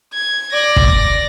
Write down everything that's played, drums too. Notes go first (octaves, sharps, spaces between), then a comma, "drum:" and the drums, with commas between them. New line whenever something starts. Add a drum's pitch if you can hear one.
G#6
D5 A#6
drum: kick